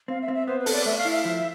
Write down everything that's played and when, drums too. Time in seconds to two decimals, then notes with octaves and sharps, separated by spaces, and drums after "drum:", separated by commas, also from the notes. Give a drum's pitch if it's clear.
0.08 C4 F5
0.22 E5
0.28 C4
0.34 E5
0.47 B3 C5
0.60 B4
0.66 A4, drum: open hi-hat
0.73 D5
0.85 A3 E5
0.98 F5
1.05 E4
1.11 E5
1.25 F3